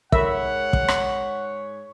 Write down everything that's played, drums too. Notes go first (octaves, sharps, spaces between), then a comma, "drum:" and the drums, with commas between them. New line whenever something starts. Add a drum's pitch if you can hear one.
G#2 A#4 C#5 E5 F#5 B5, drum: kick
drum: kick
drum: rim click